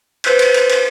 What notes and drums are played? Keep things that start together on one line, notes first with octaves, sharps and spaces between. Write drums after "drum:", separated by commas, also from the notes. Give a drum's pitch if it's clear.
B4 C5 E6 F#6 G6 B6, drum: cymbal
drum: cymbal
drum: cymbal
drum: cymbal